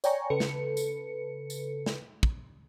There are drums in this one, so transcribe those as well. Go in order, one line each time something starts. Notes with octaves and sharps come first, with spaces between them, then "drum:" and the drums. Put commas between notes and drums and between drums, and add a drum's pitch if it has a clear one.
C#5 D5 G5 G#5 A#5 C#6, drum: tambourine
C#3 A4 B4 C#7
drum: snare
drum: tambourine
drum: tambourine
drum: snare
drum: kick